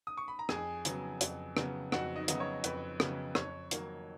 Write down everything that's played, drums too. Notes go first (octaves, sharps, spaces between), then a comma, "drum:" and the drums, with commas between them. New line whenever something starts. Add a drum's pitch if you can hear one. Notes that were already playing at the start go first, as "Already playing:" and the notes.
D#6
C#6
B5
A#5
F2 G#4 G#5, drum: rim click
C#3 F#3 B3, drum: hi-hat
F2, drum: hi-hat
C#3 F#3 B3, drum: rim click
F2 F#4 F#5, drum: rim click
D#4 D#5
C#3 F#3 B3 D#5, drum: hi-hat
C#5
F2 B4, drum: hi-hat
C#3 F#3 B3, drum: rim click
F2 C#5, drum: rim click
D#3 F#3 A#3, drum: hi-hat